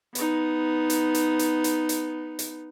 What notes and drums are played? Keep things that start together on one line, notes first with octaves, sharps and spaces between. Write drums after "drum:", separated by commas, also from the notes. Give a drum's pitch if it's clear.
B3 D#4, drum: hi-hat
drum: hi-hat
drum: hi-hat
drum: hi-hat
drum: hi-hat
drum: hi-hat
drum: hi-hat